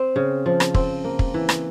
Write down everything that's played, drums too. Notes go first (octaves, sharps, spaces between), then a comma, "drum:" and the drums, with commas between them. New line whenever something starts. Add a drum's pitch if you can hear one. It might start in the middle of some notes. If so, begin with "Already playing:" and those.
Already playing: C4
C#3
F3
drum: rim click
C4, drum: kick
A#3
drum: kick
E3
drum: rim click